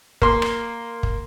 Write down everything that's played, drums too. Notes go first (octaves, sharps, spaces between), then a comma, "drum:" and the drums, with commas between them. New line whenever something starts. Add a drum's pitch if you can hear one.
A#3 C6, drum: kick
drum: rim click
drum: kick